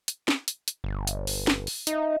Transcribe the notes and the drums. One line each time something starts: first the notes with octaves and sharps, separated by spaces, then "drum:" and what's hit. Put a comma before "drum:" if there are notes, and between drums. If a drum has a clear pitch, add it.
drum: hi-hat
drum: snare
drum: hi-hat
drum: hi-hat
G1
drum: hi-hat
drum: open hi-hat
drum: snare
drum: open hi-hat
D#4 D#5 E5, drum: hi-hat